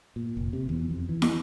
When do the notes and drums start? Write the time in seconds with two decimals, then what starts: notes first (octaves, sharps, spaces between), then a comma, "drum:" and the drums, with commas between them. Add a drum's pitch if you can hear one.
0.16 A#2
0.37 F1
0.53 C3
0.69 E2
0.91 F2
1.09 E3
1.22 drum: snare